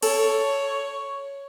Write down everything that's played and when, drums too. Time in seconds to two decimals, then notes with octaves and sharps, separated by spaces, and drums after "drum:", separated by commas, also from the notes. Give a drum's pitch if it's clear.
0.02 A4 C#5, drum: cymbal